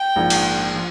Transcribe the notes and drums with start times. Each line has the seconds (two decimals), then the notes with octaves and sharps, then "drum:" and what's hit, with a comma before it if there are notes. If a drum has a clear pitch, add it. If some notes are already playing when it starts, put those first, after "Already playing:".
Already playing: G5
0.16 A#1 G#2 F3 A#3
0.30 drum: cymbal
0.75 F3